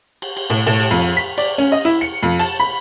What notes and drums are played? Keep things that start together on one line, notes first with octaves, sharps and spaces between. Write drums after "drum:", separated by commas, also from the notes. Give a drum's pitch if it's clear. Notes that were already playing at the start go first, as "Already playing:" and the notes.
drum: cymbal
drum: cymbal
A2, drum: cymbal
A2, drum: cymbal
drum: cymbal
F2
B6
D5, drum: cymbal
C#4
D#5
E4
C#7
F2
A5, drum: cymbal
B5